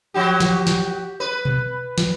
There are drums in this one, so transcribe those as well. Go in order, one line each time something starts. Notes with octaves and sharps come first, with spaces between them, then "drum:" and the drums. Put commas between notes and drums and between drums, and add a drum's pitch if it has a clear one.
F3 F#4 G4
drum: snare
drum: snare
B4
drum: tom B2
drum: snare